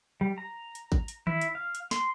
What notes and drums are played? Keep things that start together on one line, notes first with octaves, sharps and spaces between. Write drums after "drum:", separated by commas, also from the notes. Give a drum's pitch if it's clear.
G3
A#5
drum: hi-hat
drum: kick A1
drum: hi-hat
E4, drum: tom D#3
drum: hi-hat
F5
drum: hi-hat
C6, drum: snare